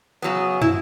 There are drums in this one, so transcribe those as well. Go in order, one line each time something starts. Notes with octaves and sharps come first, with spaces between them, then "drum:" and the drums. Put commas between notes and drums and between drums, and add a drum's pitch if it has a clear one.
C#3 F#3 B3
E4, drum: tom